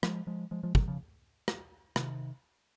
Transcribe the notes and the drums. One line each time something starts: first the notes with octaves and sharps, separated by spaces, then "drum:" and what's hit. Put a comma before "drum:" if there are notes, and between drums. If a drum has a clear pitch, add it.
F3 G#3, drum: rim click
F3 G#3
F3 G#3
F3 G#3
D#3 F#3, drum: kick
C#3 F3
drum: rim click
C3 D#3, drum: rim click